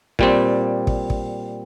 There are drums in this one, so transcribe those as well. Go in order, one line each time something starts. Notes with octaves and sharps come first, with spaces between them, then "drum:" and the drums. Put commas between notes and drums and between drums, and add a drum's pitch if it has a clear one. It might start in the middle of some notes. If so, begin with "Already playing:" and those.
A#2 G3 C4, drum: kick
drum: kick
drum: kick